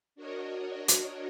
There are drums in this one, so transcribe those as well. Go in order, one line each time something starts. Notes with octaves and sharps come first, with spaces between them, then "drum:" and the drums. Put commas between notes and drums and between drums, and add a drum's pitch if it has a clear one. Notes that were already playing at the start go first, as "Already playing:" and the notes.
D4 F#4 A#4 C#5 D#5
drum: hi-hat